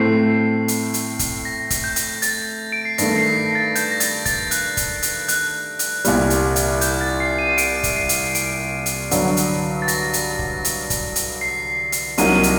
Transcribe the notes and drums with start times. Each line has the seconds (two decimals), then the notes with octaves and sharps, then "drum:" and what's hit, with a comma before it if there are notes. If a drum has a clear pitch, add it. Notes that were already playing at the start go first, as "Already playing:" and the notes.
Already playing: A2 A3 C4 C7
0.68 drum: hi-hat
0.94 drum: hi-hat
1.19 drum: kick, hi-hat
1.45 A#6
1.70 drum: kick, hi-hat
1.84 G6
1.96 drum: hi-hat
2.22 A6, drum: hi-hat
2.72 D7
2.85 C7
2.98 G2 D#3 A3 A#6, drum: hi-hat
3.18 C7
3.37 A#6
3.55 A6
3.75 G6, drum: hi-hat
3.91 A#6
4.00 A6, drum: hi-hat
4.26 A6, drum: kick, hi-hat
4.51 F#6, drum: hi-hat
4.77 drum: kick, hi-hat
5.03 drum: hi-hat
5.28 F#6, drum: hi-hat
5.79 drum: hi-hat
6.05 C2 A#2 G3, drum: hi-hat
6.30 drum: hi-hat
6.56 drum: hi-hat
6.81 G6, drum: hi-hat
7.01 A6
7.20 C7
7.39 D#7
7.58 D7, drum: hi-hat
7.84 drum: kick, hi-hat
7.96 C7
8.09 drum: hi-hat
8.35 D7, drum: hi-hat
8.86 drum: hi-hat
9.11 G2 D3 F#3, drum: hi-hat
9.37 drum: hi-hat
9.82 A6
9.88 A#6, drum: hi-hat
10.13 drum: hi-hat
10.39 drum: kick
10.65 drum: hi-hat
10.90 drum: kick, hi-hat
11.16 drum: hi-hat
11.41 C7
11.92 drum: hi-hat
12.18 C2 C3 F#3 A#3 D#4 D#7, drum: hi-hat
12.43 drum: hi-hat